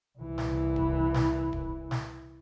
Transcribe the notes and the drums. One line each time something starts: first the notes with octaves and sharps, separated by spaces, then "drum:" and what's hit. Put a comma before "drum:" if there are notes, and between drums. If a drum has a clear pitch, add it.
C2 E3
drum: snare
drum: kick D1
drum: snare
drum: kick D1
drum: snare